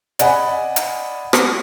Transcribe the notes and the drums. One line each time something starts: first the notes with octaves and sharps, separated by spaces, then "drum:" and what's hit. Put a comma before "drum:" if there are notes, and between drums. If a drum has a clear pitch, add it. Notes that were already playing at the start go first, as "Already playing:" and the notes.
D5 D#5 F#5 G#5 B5, drum: hi-hat
drum: hi-hat
drum: rim click